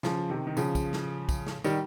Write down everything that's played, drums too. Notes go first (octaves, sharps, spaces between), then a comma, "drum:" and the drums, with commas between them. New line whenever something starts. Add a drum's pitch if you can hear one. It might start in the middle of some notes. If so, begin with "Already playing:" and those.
C#3 F3, drum: snare
C3 D#3
D#3
C#3 F3, drum: tambourine
drum: kick, tambourine
drum: snare
drum: kick, tambourine
drum: snare
D#3 G3, drum: tambourine